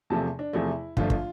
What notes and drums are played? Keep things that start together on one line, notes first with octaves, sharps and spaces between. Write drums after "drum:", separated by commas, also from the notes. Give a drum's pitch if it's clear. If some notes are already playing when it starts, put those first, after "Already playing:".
E2 C3 F3 A3 A5
D4
E2 C3 F3 A3 E4
G1 G2 D3 F3 A3 F4, drum: kick
drum: kick